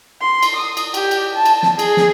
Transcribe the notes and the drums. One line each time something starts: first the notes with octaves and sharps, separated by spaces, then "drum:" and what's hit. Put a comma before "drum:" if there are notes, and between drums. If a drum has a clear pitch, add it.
C6
drum: cymbal
D#6
drum: cymbal
G4, drum: cymbal
drum: cymbal
A5
drum: cymbal
drum: snare
G#4, drum: cymbal
drum: snare